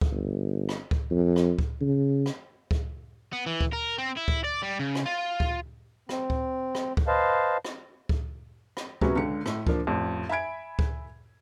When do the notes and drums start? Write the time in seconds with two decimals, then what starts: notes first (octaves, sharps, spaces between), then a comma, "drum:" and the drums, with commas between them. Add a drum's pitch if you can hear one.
0.01 drum: kick C#2
0.11 G1
0.69 drum: rim click
0.91 drum: kick C#2
1.11 F2
1.36 drum: rim click
1.59 drum: kick C#2
1.81 C#3
2.26 drum: rim click
2.71 drum: kick C#2
3.33 B3
3.46 E3
3.61 drum: kick C#2
3.73 A#4
3.98 C4
4.17 E4
4.28 drum: kick C#2
4.45 D5
4.63 G3
4.79 C#3
4.95 drum: rim click
5.06 F4
5.40 drum: kick C#2
6.09 C4, drum: rim click
6.30 drum: kick C#2
6.75 drum: rim click
6.97 drum: kick C#2
7.07 B4 C5 D#5 F5 A5
7.65 drum: rim click
8.09 drum: kick C#2
8.77 drum: rim click
9.01 C3 F#3 G#3 B3 C#4 F#4, drum: kick C#2
9.16 C#2 D3 C#7
9.46 A2, drum: rim click
9.67 F3 A#3 D4, drum: kick C#2
9.87 A1 F2
10.29 E5 G#5 B5 G#6 D7
10.79 drum: kick C#2